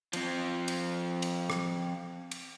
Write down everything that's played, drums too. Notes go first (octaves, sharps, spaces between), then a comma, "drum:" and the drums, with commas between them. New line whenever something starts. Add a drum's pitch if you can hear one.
F3 C4, drum: cymbal
drum: cymbal
drum: cymbal
drum: rim click
drum: cymbal